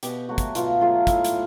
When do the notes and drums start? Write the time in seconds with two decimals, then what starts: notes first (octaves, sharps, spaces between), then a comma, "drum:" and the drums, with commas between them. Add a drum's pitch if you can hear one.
0.03 B2 G4, drum: hi-hat
0.29 F#3 A3 F#4
0.38 drum: kick, hi-hat
0.55 B2 F4, drum: hi-hat
0.81 F#3 A3 F4
1.07 A2, drum: kick, hi-hat
1.25 drum: hi-hat